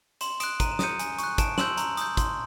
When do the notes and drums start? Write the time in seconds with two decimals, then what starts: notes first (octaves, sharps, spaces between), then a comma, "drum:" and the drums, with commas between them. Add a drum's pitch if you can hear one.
0.21 C6 E7 F#7, drum: hi-hat
0.40 D#6 F#6 D7 E7, drum: hi-hat
0.60 A#5 D#7, drum: kick, hi-hat
0.72 E7
0.79 D#6 G6 C#7 D#7, drum: snare
0.99 G#5, drum: hi-hat
1.19 C#6 F#6, drum: hi-hat
1.38 A5 D7 E7, drum: kick, hi-hat
1.58 C6 E6 G6 E7 F#7, drum: snare
1.77 A#5, drum: hi-hat
1.97 D#6 G6, drum: hi-hat
2.17 C6, drum: kick, hi-hat